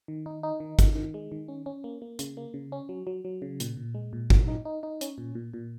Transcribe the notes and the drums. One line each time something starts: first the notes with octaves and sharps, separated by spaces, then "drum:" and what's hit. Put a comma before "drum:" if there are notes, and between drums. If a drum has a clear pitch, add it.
D#3
D#4
D#4
D#3
D#3, drum: kick G#1, hi-hat
D#3
G#3
D#3
C#4
C#4
A#3
A#3
C#3, drum: hi-hat
A#3
C#3
C#4
F#3
F#3
F#3
C#3
A#2, drum: hi-hat
A#2
G#3
A#2
F#3, drum: kick G#1
D#4
D#4
D#4
C#4, drum: hi-hat
A#2
A#2
A#2